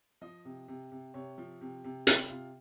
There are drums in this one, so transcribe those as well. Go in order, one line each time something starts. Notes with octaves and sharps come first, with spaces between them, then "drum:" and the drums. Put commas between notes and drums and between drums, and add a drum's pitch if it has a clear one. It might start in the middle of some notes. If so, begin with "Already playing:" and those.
F3 D#5
C3
C3
C3
C3 C#5
F3
C3
C3
C3 D#4, drum: hi-hat
C3 F4